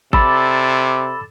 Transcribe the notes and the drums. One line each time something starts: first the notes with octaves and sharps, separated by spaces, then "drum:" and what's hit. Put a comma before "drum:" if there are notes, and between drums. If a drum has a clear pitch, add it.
C3 A4 D5 B5 E6, drum: kick G#1